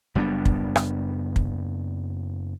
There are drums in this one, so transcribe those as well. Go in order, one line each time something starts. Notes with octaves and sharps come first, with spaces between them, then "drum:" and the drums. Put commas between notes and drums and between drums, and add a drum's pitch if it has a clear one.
F#1 G3 B3 D4
drum: kick
drum: rim click
drum: kick